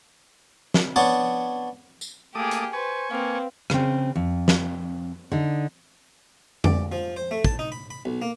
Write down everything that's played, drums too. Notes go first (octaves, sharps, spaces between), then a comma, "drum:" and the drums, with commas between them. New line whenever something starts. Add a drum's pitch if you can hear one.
drum: snare
B3 D4 C#5
drum: tambourine
A3 A#3 G4 G#4 D6 D#6
drum: hi-hat
B4 C5 G#5 C#6
A#3 C4 B4 F5
C#3 C4, drum: rim click
F2
drum: snare
D3 D#4
D5, drum: tom F2
F3
C5
A3
A5, drum: kick
D#4
B5
B5
B1
A#3